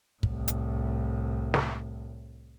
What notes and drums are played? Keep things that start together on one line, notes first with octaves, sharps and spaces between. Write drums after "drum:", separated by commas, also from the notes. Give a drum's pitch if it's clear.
C2 A2, drum: kick
drum: hi-hat
drum: snare